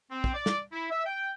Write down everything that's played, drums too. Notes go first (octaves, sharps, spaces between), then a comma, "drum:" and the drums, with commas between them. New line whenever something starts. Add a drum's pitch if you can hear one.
C4
drum: kick
D5
drum: snare
E4
E5
G5